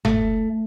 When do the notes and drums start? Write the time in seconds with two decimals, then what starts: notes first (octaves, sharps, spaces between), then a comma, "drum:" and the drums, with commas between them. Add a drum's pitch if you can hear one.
0.05 A3, drum: tom F#1